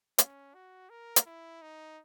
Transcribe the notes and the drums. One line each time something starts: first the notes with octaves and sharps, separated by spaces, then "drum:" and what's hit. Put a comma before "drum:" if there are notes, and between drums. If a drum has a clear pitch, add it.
C#4, drum: hi-hat
F#4
A#4
drum: hi-hat
E4
D#4